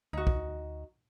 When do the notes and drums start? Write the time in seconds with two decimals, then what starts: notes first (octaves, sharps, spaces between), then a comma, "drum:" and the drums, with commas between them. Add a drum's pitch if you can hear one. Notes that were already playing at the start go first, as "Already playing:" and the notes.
0.13 D2 D#4 F#4
0.27 drum: kick B1